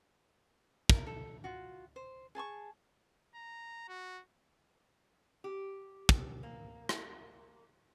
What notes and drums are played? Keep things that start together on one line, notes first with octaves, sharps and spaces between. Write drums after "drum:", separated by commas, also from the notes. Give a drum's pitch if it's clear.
A#4, drum: kick
A4
F4 F#4
C5
G#4 A5 C6 C#6
A#5
F#4
G4
drum: kick
A#3
drum: rim click